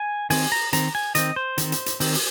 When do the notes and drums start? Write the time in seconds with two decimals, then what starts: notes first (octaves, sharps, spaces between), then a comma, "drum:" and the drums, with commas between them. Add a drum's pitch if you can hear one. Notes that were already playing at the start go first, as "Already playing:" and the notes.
Already playing: G#5
0.30 D#3 C4 G#5, drum: open hi-hat
0.52 A#5
0.73 D#3 C4 A#5, drum: hi-hat
0.95 G#5
1.15 D#3 C4 D#5, drum: hi-hat
1.36 C5
1.58 D#3 C4, drum: hi-hat
1.72 drum: hi-hat
1.86 drum: hi-hat
2.00 D#3 C4, drum: open hi-hat
2.15 drum: open hi-hat